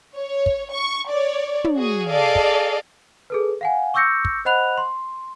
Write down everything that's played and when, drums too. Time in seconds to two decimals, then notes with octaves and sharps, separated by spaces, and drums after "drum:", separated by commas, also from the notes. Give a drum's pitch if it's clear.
0.16 C#5
0.46 drum: kick
0.71 C#6
1.09 C#5 D5
1.64 drum: tom
1.78 F#4 G#4
2.09 G#4 A4 D5 D#5 F5
2.35 drum: kick
3.30 G#4 A4 B4
3.61 F5 F#5 G#5
3.94 C#6 D6 E6 G6 A#6 C#7
4.25 drum: kick
4.45 C5 D#5 F#5 B5 F#6 F7
4.78 C6